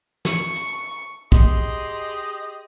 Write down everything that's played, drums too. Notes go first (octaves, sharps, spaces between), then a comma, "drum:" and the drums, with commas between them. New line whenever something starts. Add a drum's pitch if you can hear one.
C#6, drum: snare
drum: hi-hat
G4 G#4 D#5 C6, drum: kick